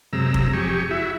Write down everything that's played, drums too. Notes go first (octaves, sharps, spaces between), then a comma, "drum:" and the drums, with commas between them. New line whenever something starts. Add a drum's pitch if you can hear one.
F#2 C3 G#3 A#5 E6
drum: kick F1
F2 G4 G#4 C#6
E4 F#4 E5